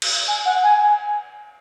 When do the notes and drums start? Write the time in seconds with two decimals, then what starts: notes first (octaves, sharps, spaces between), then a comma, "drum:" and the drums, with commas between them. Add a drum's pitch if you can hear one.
0.02 drum: cymbal
0.28 G#5
0.45 F#5
0.63 G#5